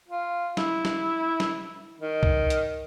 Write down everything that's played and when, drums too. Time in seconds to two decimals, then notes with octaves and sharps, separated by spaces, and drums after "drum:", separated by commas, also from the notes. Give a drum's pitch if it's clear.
0.08 F4
0.57 E4, drum: snare
0.85 drum: snare
1.40 drum: snare
2.00 D#3
2.23 drum: kick C2
2.50 drum: hi-hat